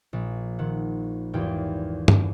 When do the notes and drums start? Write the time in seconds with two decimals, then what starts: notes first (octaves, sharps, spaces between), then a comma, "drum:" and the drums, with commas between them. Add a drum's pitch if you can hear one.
0.13 A#1
0.59 A#2 D#3 F#5
1.33 G#1 E2 E4 F4 G4 G5
2.08 drum: tom G2